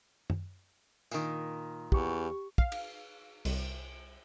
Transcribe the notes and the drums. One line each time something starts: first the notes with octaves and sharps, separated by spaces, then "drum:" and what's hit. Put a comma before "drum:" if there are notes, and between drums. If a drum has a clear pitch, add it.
drum: tom
A#2 D#3, drum: tambourine
E2 G4 C#6, drum: kick
F5, drum: kick
drum: cymbal
C2, drum: cymbal